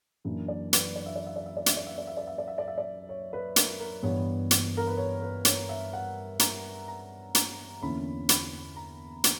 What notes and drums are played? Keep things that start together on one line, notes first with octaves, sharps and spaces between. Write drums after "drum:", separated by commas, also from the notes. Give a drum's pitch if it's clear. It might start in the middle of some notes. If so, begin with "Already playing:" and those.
F#2 E3 A#3 D4
D5
B4, drum: hi-hat
D5
E5
D5
E5
D5
E5
D5
E5, drum: hi-hat
D5
E5
D5
E5
D5
E5
D5
E5
D5
E5
D5
C#5
B4
A#4, drum: hi-hat
A#4
G2 E3 B3 C#5
drum: hi-hat
A#4
B4
C#5
B4
C#5, drum: hi-hat
E5
F#5
A#5, drum: hi-hat
A#5
A#5, drum: hi-hat
E2 D3 A#3 C#4 E4 B5
B5, drum: hi-hat
A#5
drum: hi-hat